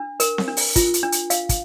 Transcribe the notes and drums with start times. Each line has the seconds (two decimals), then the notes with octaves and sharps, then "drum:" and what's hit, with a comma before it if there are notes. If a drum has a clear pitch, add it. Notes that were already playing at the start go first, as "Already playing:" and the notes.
Already playing: D4
0.20 A#4, drum: hi-hat
0.38 drum: snare C4
0.48 D4
0.57 drum: open hi-hat
0.76 F4, drum: kick, hi-hat
0.94 drum: hi-hat
1.03 D4
1.12 drum: hi-hat
1.30 F5, drum: hi-hat
1.49 drum: kick, hi-hat